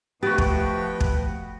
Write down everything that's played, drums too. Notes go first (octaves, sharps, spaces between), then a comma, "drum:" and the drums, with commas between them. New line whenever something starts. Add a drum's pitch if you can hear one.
F3 A3 B3 F#4 G4 B4 G5
drum: kick
drum: kick